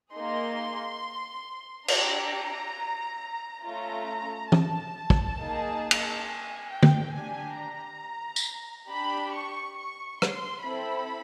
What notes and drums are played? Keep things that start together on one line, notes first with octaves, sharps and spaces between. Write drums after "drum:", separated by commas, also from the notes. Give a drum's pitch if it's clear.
A#3 D#4 G#4 C6
D4 G4 A#5, drum: cymbal
A3 C#4 F4 A#5
A5, drum: tom
drum: kick
A#3 D#4 G#4
drum: cymbal
G#5
G5
drum: tom
D4 G4 G#5
A#5
drum: tambourine
D4 G4 B5
C#6
C#6
C6, drum: rim click
C4 E4 A4 B5